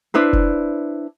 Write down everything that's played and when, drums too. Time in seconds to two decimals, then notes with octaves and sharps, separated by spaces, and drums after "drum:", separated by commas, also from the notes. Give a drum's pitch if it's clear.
0.14 D4 E4 B4 C5
0.33 drum: kick F1